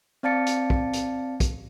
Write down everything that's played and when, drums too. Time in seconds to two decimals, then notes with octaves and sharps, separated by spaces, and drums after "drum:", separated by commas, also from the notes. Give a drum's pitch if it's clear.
0.23 C4 D5 F5 A5 A6 C#7
0.47 drum: hi-hat
0.70 drum: kick
0.94 drum: hi-hat
1.40 drum: kick, hi-hat